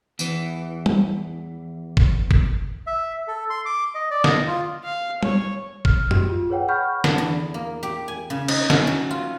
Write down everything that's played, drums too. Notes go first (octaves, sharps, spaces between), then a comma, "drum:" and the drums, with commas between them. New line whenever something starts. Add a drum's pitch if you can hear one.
E2 E3, drum: tambourine
drum: tom
drum: kick
drum: kick
E5
A4
C6
D6
D#5
D5
D#5, drum: snare
F4
F5
C#5, drum: tom
F6, drum: kick
F#4 G4, drum: tom F#2
F4
G#4 B4 C#5 F#5 G5
F#5 B5 C#6 F6 G6
D3, drum: snare
E2
A#3
G4
G#5
C#3
D#4, drum: cymbal
C#4, drum: snare
F#3
F4